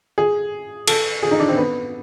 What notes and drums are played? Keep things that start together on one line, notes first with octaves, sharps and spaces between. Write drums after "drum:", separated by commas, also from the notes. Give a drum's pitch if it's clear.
G#4
A4, drum: cymbal
G#4
D#4
D4
C4
B3